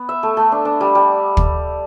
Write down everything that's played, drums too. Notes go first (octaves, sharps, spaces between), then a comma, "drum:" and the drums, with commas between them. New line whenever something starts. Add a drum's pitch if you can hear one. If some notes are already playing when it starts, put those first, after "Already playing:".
Already playing: B3
E5
A3
A3
D4
D4
G3
G3
drum: kick